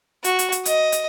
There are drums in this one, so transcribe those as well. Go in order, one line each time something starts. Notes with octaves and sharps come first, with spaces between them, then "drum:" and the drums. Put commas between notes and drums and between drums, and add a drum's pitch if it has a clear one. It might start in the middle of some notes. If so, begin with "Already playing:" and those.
F#4, drum: hi-hat
drum: hi-hat
drum: hi-hat
D#5, drum: hi-hat
drum: hi-hat